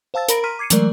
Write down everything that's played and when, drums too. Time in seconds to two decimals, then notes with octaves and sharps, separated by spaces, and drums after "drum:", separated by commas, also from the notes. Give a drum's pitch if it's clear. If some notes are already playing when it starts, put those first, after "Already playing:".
0.14 C5 F5 A5 E6 A6
0.28 A#4 A#5 B5 A#6 D7, drum: hi-hat
0.44 A#5 C6 F6 B6 D#7
0.59 D6 G#6 C7 C#7 D#7
0.70 E3 F#3 G#3 A3 A#4 D5, drum: hi-hat